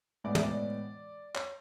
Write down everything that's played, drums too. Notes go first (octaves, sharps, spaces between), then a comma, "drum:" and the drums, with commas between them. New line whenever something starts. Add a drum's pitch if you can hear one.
A2 G#3 B3 D5
E5, drum: tom
D5
C#5, drum: clap